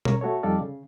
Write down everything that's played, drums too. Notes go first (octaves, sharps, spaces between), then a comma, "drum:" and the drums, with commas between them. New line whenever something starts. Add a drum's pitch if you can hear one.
A#4 C#5, drum: tom B2
A3 F#4 A4 C#5
F2 G3 D#4 A4 D5 F5
C#3